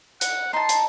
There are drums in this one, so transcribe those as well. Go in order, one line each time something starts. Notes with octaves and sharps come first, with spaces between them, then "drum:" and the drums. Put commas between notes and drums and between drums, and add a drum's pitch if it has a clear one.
F#5, drum: hi-hat
D#4 A5 C6
drum: hi-hat